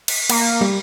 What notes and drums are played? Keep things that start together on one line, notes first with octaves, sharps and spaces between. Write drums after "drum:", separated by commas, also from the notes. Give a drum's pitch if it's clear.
B6, drum: cymbal
A#3, drum: cymbal
G3